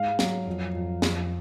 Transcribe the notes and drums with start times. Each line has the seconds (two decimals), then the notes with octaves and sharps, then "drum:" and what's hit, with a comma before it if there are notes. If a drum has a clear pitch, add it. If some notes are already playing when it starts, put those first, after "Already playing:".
Already playing: G#2 F5
0.19 F#3, drum: snare
0.47 F2
0.75 F2
1.02 F2, drum: snare